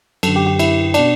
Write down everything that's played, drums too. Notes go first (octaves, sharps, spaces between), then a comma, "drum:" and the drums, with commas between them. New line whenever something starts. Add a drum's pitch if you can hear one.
F#2 A4, drum: cymbal
D3
G4
G4
E4, drum: cymbal
B2 D4, drum: cymbal